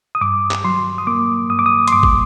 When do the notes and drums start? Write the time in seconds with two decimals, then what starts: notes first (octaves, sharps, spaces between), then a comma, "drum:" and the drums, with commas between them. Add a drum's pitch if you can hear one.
0.15 D#6
0.21 G2 D6
0.51 drum: clap
0.64 F#3 C6
0.98 D#6
1.07 A#3 D6
1.50 G2 D#6
1.59 D6
1.66 D#6
1.88 C6, drum: hi-hat
1.92 G2 D6
2.03 drum: kick